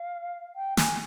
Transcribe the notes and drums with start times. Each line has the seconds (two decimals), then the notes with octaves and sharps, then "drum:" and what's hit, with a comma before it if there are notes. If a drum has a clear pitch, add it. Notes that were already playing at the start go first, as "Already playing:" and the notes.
Already playing: F5
0.56 G5
0.77 G#5, drum: snare